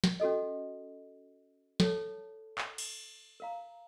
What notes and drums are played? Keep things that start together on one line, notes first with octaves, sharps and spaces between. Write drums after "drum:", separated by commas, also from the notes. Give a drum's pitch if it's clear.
drum: snare
C#4 F#4 A4 D#5
A4 C#5 A5, drum: snare
drum: clap
drum: cymbal
A#4 F5 A#5